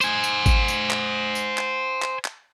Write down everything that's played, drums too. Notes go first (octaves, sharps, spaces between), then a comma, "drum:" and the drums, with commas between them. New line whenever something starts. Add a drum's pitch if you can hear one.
C5 G#5, drum: tambourine
drum: tambourine
drum: kick G#1, tambourine
drum: tambourine
drum: clap
drum: tambourine
drum: clap
drum: clap
drum: clap